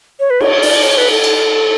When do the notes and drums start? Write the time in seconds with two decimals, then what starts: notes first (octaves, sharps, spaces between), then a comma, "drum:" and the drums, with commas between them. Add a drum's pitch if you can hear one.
0.20 C#5
0.30 B4
0.40 C#5, drum: cymbal
0.62 D5, drum: open hi-hat
0.83 C#5
0.98 B4
1.12 A4
1.24 drum: cymbal